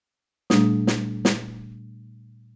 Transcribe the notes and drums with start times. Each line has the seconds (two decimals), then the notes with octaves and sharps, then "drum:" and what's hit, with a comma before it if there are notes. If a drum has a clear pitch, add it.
0.50 A#2 G3 A3 D4 D#6, drum: snare
0.87 drum: snare
1.25 drum: snare